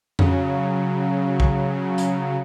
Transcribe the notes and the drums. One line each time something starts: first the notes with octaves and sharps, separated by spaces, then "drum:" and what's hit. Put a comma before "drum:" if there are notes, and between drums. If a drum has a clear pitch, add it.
C#3 F#3, drum: tom F2
drum: kick
drum: hi-hat